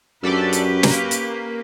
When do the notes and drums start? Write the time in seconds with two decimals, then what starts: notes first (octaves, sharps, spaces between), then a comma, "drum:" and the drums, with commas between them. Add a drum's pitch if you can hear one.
0.23 F#2 C#4 D4 G4 A4 B4 D5
0.53 drum: hi-hat
0.83 A#3, drum: snare
1.11 drum: hi-hat